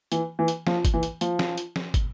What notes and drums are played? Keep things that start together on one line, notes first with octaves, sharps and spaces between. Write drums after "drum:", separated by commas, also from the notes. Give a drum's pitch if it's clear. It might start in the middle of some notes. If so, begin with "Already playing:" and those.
E3, drum: hi-hat
E3
drum: hi-hat
F3, drum: snare
drum: kick, hi-hat
E3
drum: hi-hat
F3, drum: hi-hat
drum: snare
drum: hi-hat
drum: snare
drum: kick, hi-hat